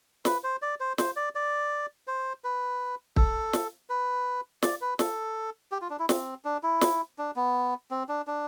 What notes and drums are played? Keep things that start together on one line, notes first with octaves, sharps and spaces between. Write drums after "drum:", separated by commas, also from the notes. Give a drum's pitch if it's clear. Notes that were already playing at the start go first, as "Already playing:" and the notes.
B4, drum: snare
C5
D5
C5
C5, drum: snare
D5
D5
C5
B4
A4, drum: kick
drum: snare
B4
D5, drum: snare
B4
A4, drum: snare
G4
F4
D4
E4
C4, drum: snare
D4
E4
drum: snare
D4
B3
C4
D4
D4